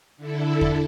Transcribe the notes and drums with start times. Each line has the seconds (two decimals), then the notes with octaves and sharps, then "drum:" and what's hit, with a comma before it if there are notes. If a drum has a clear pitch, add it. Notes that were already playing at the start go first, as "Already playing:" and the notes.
0.17 D3 E4 A4
0.61 drum: kick E2